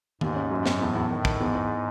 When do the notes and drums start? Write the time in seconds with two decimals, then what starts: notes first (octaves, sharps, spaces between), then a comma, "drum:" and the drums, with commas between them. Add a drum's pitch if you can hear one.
0.21 D#2 G#2, drum: tom D#3
0.35 C#4
0.51 F#2
0.66 F#2, drum: snare
0.81 E2 A2
0.95 E2
1.10 A2 D#3
1.25 D#3, drum: kick
1.40 E2 G#2
1.55 E2